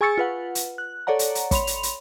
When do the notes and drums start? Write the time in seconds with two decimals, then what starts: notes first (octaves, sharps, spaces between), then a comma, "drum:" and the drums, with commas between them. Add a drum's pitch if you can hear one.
0.01 G#4 G#5 C#6 E6 A6 C#7
0.18 F4 B4 F#5
0.55 drum: hi-hat
0.78 F#6
1.07 A4 C#5 D5 F#5 A#5
1.19 drum: hi-hat
1.35 drum: hi-hat
1.51 C#5 B5 C6 F7, drum: kick, hi-hat
1.67 drum: hi-hat
1.83 drum: hi-hat